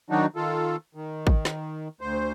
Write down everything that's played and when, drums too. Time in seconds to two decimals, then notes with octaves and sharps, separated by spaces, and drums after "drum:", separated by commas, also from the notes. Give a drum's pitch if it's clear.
0.10 D#3 F#3 D4 D#4 F#4
0.36 D#3 F4 A4
0.95 D#3
1.27 drum: kick
1.45 drum: snare
2.01 D2 C5